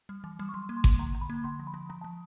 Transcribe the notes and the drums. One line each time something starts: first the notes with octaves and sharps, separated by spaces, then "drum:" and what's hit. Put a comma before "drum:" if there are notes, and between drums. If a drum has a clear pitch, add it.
G3
E3
G3
C#6
F#3 C6
A#3
C6
A#3, drum: kick G#1
D3 A#5
D3
B5
A#3
D3 C6
F3
B5
F3
F3 A#5
F3 A5